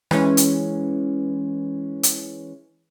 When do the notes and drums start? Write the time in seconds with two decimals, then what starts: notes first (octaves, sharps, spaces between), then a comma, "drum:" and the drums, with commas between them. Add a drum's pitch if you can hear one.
0.11 E3 G#3 C#4, drum: rim click
0.37 drum: hi-hat
2.03 drum: hi-hat